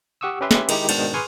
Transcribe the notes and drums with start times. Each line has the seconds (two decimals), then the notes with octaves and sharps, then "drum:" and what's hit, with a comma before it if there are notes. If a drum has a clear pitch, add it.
0.21 G4 F#5 C#6 D#6 E6
0.41 C#4 G4 B4 E5 C6
0.51 drum: snare
0.69 D#3 G#3 D#4 E4 G4, drum: cymbal
0.89 G#2 B2 D#3 D4 A5 G6, drum: cymbal
1.14 G#4 B4 G#5 C6 C#6 F6